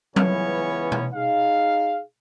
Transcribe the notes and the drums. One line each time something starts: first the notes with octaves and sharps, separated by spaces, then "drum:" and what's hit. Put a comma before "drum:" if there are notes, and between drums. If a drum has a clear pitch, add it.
C#2 E3 B3 C#4 C#5, drum: tom F#3
drum: tom B2
D#4 G#4 F5